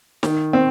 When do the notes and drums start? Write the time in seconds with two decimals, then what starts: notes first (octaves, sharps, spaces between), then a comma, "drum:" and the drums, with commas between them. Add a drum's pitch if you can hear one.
0.23 D#3, drum: snare
0.53 C4